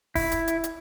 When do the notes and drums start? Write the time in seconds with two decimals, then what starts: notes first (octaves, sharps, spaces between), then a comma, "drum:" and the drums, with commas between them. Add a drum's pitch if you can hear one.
0.15 E4, drum: kick D#1, open hi-hat
0.32 drum: hi-hat
0.48 drum: hi-hat
0.64 drum: hi-hat